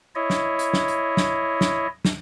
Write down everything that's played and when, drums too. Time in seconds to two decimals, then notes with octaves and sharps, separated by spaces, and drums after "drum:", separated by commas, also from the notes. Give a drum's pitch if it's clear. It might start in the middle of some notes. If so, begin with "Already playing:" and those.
0.15 E4 C#5 D#5
0.30 drum: snare
0.59 drum: hi-hat
0.74 drum: snare
0.88 drum: hi-hat
1.17 drum: snare
1.61 drum: snare
2.05 drum: snare